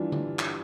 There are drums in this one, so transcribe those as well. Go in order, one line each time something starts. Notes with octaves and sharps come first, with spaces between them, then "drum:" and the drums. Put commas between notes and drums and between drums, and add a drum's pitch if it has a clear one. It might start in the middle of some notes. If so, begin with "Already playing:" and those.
Already playing: G2 E3 D4 E4 F4
G2, drum: tom D3
drum: clap